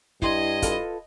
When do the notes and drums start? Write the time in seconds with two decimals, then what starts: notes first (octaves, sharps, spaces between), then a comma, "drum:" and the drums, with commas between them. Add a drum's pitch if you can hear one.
0.22 G2 E4 D#5 C6 G#6, drum: kick
0.62 F4 A4 B4, drum: kick, hi-hat